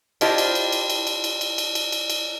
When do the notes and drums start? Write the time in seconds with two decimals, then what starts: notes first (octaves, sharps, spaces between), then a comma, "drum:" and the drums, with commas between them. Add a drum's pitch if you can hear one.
0.21 D4 E4 F4 G4 C5 D#5, drum: cymbal
0.38 drum: cymbal
0.55 drum: cymbal
0.72 drum: cymbal
0.90 drum: cymbal
1.07 drum: cymbal
1.24 drum: cymbal
1.41 drum: cymbal
1.58 drum: cymbal
1.75 drum: cymbal
1.92 drum: cymbal
2.10 drum: cymbal